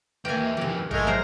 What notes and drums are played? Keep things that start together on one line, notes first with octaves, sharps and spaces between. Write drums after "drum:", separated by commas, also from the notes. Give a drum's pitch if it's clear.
D#2 E3 A#3 G5 G#5
F2 D#3 E3 G4
G#2 G#3 A3 A#4, drum: kick A1
F#3 A#4 C5 A#5